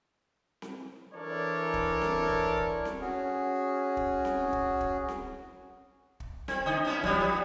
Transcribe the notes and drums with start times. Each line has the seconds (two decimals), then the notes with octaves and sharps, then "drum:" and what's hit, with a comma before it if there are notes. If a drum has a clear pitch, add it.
0.62 drum: snare C4
1.14 E3 D4 A4 A#4 C#5 D5
1.74 drum: kick
2.02 drum: snare C4
2.29 drum: kick
2.57 drum: kick
2.85 drum: snare C4
3.01 C#4 F#4 G#4
3.97 drum: kick
4.25 drum: snare C4
4.53 drum: kick
4.81 drum: kick
5.08 drum: snare C4
6.20 drum: kick
6.48 C4, drum: snare C4
6.66 D3 D#4
6.84 B3 C#4 E4
7.03 F3 G3 B3, drum: kick